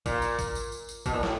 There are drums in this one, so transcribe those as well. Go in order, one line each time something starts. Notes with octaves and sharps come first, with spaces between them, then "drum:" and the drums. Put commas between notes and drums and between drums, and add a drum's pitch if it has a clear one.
A#2, drum: kick A1, tambourine
drum: tambourine
drum: kick A1, tambourine
drum: tambourine
drum: tambourine
drum: tambourine
B2, drum: kick A1, tambourine
A#2
A2, drum: snare